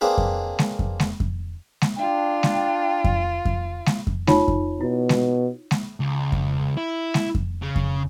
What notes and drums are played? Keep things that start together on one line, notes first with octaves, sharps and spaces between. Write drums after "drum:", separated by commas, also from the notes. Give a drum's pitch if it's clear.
A#3 C4 D4 G#4 B4
drum: kick F2
drum: snare G#3
drum: kick F2
drum: snare G#3
drum: kick F2
drum: snare G#3
D4 F4 G5
drum: snare G#3
drum: kick F2
drum: kick F2
drum: snare G#3
drum: kick F2
D#4 F4 C#5, drum: snare G#3
drum: kick F2
B2 E4
drum: snare G#3
drum: snare G#3
C#2
drum: kick F2
E4
drum: snare G#3
drum: kick F2
C#3
drum: kick F2